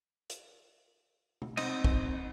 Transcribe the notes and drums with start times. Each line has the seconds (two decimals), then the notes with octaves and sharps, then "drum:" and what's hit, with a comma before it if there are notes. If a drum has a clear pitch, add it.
0.30 drum: hi-hat
1.42 drum: tom
1.57 C4 D#4 D#5, drum: cymbal
1.84 drum: kick